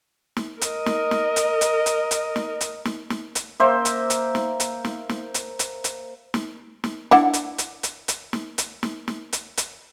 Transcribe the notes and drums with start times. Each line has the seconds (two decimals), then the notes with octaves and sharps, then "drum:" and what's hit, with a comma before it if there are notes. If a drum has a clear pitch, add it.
0.37 drum: snare
0.61 A#4 D#5, drum: hi-hat
0.86 drum: snare
1.11 drum: snare
1.36 drum: hi-hat
1.61 drum: hi-hat
1.86 drum: hi-hat
2.11 drum: hi-hat
2.36 drum: snare
2.61 drum: hi-hat
2.85 drum: snare
3.10 drum: snare
3.35 drum: hi-hat
3.60 A#3 C5 E5
3.85 drum: hi-hat
4.10 drum: hi-hat
4.35 drum: snare
4.60 drum: hi-hat
4.85 drum: snare
5.09 drum: snare
5.34 drum: hi-hat
5.59 drum: hi-hat
5.84 drum: hi-hat
6.34 drum: snare
6.84 drum: snare
7.11 D4 E4 F#5, drum: snare
7.33 drum: hi-hat
7.58 drum: hi-hat
7.83 drum: hi-hat
8.08 drum: hi-hat
8.33 drum: snare
8.58 drum: hi-hat
8.83 drum: snare
9.08 drum: snare
9.33 drum: hi-hat
9.57 drum: hi-hat